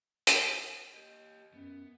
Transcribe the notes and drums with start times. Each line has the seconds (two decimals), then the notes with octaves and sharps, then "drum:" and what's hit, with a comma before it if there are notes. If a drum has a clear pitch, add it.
0.27 drum: hi-hat
0.94 G4 D#5
1.54 F#2 B3